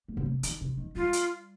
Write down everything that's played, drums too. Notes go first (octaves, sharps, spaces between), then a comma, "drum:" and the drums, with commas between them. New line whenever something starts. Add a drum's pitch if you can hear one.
G3
C#3
C3
D#3, drum: hi-hat
C3
D#3
G3 F4
drum: hi-hat